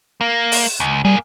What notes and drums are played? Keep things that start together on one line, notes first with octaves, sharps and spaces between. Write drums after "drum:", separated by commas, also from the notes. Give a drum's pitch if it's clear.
A#3
drum: open hi-hat
C#2
G3 A#3 G#4